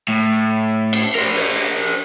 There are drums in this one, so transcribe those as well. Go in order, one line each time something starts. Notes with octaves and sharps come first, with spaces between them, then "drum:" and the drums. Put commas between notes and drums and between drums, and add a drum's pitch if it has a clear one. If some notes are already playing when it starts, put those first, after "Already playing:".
A2
drum: cymbal
A#4 C5
drum: open hi-hat